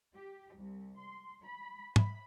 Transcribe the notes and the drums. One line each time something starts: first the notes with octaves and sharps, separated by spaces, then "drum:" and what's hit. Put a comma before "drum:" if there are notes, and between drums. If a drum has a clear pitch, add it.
G4
C2
C6
B5
B5, drum: tom